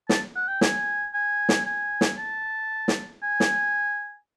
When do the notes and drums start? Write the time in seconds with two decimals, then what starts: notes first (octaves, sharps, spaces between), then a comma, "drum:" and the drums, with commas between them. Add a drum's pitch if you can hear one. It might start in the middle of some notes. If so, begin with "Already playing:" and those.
0.09 A5, drum: snare
0.36 F#5
0.48 G5
0.61 G#5, drum: snare
1.14 G#5
1.49 drum: snare
1.66 G#5
2.01 drum: snare
2.18 A5
2.88 drum: snare
3.23 G#5
3.40 drum: snare